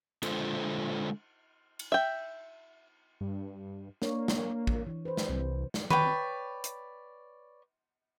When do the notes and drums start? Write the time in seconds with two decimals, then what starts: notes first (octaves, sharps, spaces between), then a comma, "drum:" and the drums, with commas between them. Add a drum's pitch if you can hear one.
0.23 D3 G#3 F4 A4 C5, drum: cymbal
1.79 drum: cymbal
1.92 E5 G5
3.21 G2
4.02 A#3 D4 C#5, drum: snare
4.28 drum: snare
4.67 drum: kick
4.86 E3
5.05 B4 C5
5.17 drum: snare
5.29 C2 C3
5.74 drum: snare
5.90 B4 C#5 D5 G5, drum: tom
6.64 drum: hi-hat